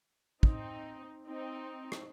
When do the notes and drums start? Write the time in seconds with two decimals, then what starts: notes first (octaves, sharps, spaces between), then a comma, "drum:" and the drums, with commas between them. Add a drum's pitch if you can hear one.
0.43 C4 D#4, drum: kick
1.28 C4 D#4
1.92 drum: rim click